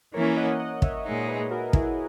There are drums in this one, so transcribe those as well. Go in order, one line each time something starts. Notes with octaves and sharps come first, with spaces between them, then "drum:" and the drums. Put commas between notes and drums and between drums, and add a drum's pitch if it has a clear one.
E3 A#3 C#4 E4 A#4 C#5
D#5 F#5
D#5 F#5
C#5 E5, drum: kick
A#2 G#3 D#4
G#4 B4
F#4 A#4
E4 G#4, drum: kick